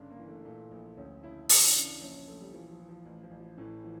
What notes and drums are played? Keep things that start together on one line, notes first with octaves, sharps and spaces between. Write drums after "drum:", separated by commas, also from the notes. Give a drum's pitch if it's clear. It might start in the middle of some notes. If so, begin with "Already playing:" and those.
Already playing: G1 C#3 D4
A#3
E3
A3
A#2 A3
A#1
D2 C#4
C#3 E4
E3 E4, drum: open hi-hat
D4
C#3
D4
A#1 C#4
C#4
A#1 A3
G3
E3 F3
F3
E3
F3
A1 F3
F3
A1
F3
A2 E3
E3 F3